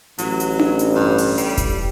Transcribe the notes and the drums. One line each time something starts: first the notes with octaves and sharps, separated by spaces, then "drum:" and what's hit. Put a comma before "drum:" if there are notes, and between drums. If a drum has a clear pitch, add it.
A1 F#3, drum: hi-hat
drum: hi-hat
drum: tom D4
drum: hi-hat
G2
drum: open hi-hat
G3, drum: hi-hat
drum: kick E1, hi-hat